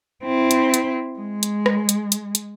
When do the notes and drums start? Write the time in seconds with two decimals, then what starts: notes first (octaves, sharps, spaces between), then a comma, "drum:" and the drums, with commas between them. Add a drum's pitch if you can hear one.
0.24 C4 E4
0.51 drum: hi-hat
0.74 drum: hi-hat
1.20 G#3
1.43 drum: hi-hat
1.66 drum: rim click
1.89 drum: hi-hat
2.12 drum: hi-hat
2.35 drum: hi-hat